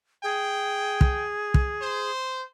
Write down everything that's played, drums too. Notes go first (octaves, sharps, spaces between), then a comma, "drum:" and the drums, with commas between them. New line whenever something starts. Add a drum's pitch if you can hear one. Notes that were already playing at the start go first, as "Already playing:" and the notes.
G#4 G5
drum: kick
drum: kick
C5